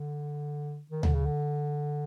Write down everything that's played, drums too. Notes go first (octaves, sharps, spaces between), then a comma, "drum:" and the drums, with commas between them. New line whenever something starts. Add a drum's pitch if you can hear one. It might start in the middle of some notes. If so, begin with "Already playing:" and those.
Already playing: D3
D#3
D3, drum: tom D2
C#3
D3